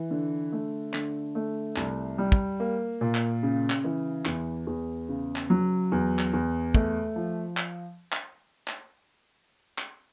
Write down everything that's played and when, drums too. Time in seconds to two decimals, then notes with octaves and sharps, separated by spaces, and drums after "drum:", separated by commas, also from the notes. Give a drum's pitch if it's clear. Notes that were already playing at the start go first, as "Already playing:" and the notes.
Already playing: E3
0.11 D3
0.52 A3
0.94 D3, drum: clap
1.35 A3
1.77 C2, drum: clap
2.18 G3
2.32 drum: kick
2.60 A#3
3.01 A#2
3.15 drum: clap
3.43 C#3
3.70 drum: clap
3.84 E3
4.26 E2, drum: clap
4.67 E2
5.09 C#3
5.36 drum: clap
5.50 F#3
5.92 E2
6.19 drum: clap
6.33 E2
6.74 A3, drum: kick
7.16 F3
7.57 drum: clap
8.13 drum: clap
8.68 drum: clap
9.78 drum: clap